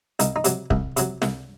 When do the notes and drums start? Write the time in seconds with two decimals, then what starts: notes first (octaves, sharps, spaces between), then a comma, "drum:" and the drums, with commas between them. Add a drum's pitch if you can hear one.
0.19 C2 D#4, drum: hi-hat
0.36 D#4
0.44 C3 F#3, drum: hi-hat
0.70 C2, drum: kick
0.97 C3 F#3, drum: hi-hat
1.22 C2, drum: snare